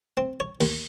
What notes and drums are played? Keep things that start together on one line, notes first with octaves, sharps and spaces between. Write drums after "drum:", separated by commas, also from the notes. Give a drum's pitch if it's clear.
C4
C#5
D#2, drum: open hi-hat